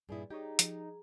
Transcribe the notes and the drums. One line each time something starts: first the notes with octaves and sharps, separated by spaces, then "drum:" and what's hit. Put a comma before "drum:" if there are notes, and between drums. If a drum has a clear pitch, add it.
G2 A#2 E4 G#4
D#4 G4 G#4 C#5 G5 A#5
F3, drum: hi-hat